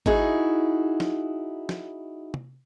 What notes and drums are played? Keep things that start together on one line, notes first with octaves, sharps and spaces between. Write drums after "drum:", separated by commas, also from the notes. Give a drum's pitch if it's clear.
D#4 E4 F#4 G#4, drum: kick G#1
drum: snare
drum: snare
drum: tom